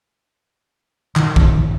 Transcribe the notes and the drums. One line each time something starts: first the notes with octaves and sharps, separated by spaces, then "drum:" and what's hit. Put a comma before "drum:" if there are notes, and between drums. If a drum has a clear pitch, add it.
D#3, drum: clap
drum: kick A1